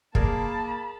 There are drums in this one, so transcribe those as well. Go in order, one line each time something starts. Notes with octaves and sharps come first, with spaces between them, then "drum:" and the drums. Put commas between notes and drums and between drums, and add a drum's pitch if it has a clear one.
A#3 G#4 A#4 D5 A5 B5, drum: kick